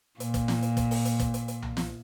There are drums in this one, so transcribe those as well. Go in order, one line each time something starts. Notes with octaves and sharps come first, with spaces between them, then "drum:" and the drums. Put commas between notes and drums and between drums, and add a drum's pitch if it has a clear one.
A#2, drum: hi-hat
drum: kick, hi-hat
drum: snare
drum: hi-hat
drum: kick, hi-hat
drum: open hi-hat
drum: hi-hat
drum: kick, hi-hat
drum: hi-hat
drum: hi-hat
drum: tom B1
drum: snare